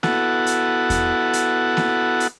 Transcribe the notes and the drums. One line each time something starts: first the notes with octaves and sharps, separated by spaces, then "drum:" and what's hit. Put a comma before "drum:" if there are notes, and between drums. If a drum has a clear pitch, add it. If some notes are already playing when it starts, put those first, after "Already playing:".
B3 E4 F#4 A4 F#5, drum: snare A#3
drum: hi-hat
drum: kick E2, hi-hat
drum: hi-hat
drum: snare A#3
drum: hi-hat